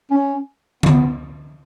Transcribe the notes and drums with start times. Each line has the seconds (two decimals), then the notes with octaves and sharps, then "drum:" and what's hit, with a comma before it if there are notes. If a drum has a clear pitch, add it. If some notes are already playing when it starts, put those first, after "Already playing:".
0.11 C#4
0.83 B3, drum: tom D3